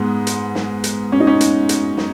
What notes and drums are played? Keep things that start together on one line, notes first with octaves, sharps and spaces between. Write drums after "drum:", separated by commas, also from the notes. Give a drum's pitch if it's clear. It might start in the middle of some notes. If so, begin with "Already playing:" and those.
Already playing: G#2 G#3 B3
drum: hi-hat
drum: snare
drum: hi-hat
C#4
D#4
C#4
drum: hi-hat
drum: hi-hat
drum: snare